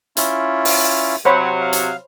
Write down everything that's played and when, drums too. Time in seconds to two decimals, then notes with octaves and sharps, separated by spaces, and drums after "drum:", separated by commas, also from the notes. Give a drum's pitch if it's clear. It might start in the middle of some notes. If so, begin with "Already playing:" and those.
0.17 C#4 E4 F4, drum: hi-hat
0.65 drum: open hi-hat
1.25 C3 F#3 C4 C5 C#5 F#5 B5
1.61 F5
1.73 drum: hi-hat